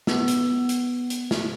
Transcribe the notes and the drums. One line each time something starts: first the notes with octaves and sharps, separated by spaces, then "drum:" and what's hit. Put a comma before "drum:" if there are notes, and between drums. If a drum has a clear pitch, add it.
B3, drum: snare
drum: hi-hat
drum: hi-hat
drum: hi-hat
drum: snare